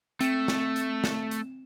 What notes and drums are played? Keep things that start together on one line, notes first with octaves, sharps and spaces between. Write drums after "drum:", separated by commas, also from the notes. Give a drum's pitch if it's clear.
A3 C4 E7, drum: hi-hat
drum: snare
drum: hi-hat
drum: snare
drum: hi-hat